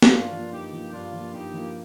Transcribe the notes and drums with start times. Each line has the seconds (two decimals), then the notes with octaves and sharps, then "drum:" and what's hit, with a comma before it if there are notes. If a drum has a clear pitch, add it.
0.02 drum: snare
0.12 G2 D4 F4
0.32 F3 A#3
0.52 G2 D#4 G4
0.73 F3 A#3
0.92 G2 D4 F4
1.13 F3 A#3
1.33 G2 D#4 G4
1.54 F3 A#3